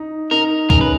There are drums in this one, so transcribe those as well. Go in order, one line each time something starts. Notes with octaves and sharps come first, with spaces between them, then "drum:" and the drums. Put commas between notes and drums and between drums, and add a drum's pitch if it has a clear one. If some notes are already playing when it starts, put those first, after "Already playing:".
Already playing: D#4
D#4 A#4
C#3 A#4, drum: kick
B4